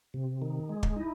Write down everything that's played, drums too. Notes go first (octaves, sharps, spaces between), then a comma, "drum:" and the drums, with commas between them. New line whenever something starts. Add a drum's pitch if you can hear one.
C3
D#3
G#3
drum: kick
D#4 E4